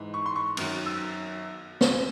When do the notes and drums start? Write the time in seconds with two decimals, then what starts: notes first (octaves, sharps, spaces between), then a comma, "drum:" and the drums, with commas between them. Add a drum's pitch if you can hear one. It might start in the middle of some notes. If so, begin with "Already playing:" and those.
Already playing: G#2 E3
0.14 C#6
0.26 C6
0.36 C#6
0.57 F#2 D#3 F#3, drum: cymbal
0.86 E6
1.81 drum: snare